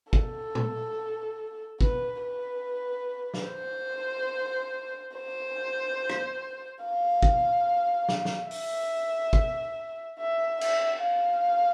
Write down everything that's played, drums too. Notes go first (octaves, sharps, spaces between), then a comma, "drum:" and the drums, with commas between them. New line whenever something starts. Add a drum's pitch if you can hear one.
A4, drum: kick
drum: tom A#2
B4, drum: kick
B4
drum: snare
C5
C5
drum: rim click
F5
drum: kick
drum: snare
drum: snare
E5, drum: open hi-hat
drum: kick
E5
E5, drum: cymbal
F5